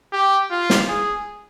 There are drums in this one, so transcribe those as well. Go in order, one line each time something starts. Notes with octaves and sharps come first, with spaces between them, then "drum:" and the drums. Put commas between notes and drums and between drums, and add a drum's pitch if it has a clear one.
G4
F4
drum: snare
G#4